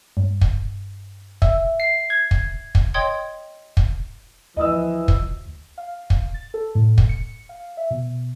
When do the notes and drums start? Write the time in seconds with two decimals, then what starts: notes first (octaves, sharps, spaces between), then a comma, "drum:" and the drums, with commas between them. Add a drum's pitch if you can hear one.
0.17 G2
0.41 drum: kick
1.42 E5, drum: kick
1.80 C7
2.10 G#6
2.31 drum: kick
2.75 drum: kick
2.94 C#5 D#5 G5 C6 D#6 G#6
3.77 drum: kick
4.56 D2 E3 F3 D#5 D#6 E6
5.08 drum: kick
5.78 F5
6.10 drum: kick
6.34 A6
6.54 A4
6.75 A2
6.98 drum: kick
7.09 C#7
7.49 F5
7.77 E5
7.91 B2